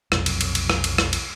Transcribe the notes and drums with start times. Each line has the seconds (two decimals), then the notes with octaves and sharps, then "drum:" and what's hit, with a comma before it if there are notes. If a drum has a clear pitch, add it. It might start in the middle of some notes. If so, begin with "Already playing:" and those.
0.12 F1 B1 F2, drum: rim click
0.26 drum: cymbal
0.41 drum: cymbal
0.55 drum: cymbal
0.70 drum: rim click
0.84 drum: cymbal
0.98 drum: rim click
1.13 drum: cymbal